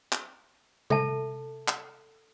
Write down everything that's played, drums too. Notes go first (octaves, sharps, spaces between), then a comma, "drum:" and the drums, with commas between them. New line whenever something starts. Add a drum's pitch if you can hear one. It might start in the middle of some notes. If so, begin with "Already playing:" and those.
drum: clap
A4 E5 A5, drum: tom C3
drum: clap